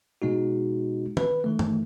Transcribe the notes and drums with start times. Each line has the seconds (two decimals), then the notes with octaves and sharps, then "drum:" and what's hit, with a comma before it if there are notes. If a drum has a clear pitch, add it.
0.22 B2 G#3 D#4 F#4
1.17 B4, drum: tom D#3
1.44 D#3 E3 A3
1.59 drum: tom